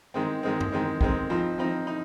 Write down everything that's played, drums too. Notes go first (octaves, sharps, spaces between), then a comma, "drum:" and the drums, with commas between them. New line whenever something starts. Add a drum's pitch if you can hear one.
D#3 G#3 C4
D#3 G#3 C4
drum: tom F#2
D#3 G#3 C4
D#3 G#3 C4, drum: kick
F3 C4 D#4
F3 C4 D#4
D#4